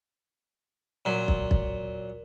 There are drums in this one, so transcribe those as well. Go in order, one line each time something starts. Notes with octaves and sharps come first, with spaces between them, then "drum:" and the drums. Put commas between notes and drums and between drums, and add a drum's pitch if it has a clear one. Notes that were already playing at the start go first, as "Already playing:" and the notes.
A#2 F#3
drum: kick
drum: kick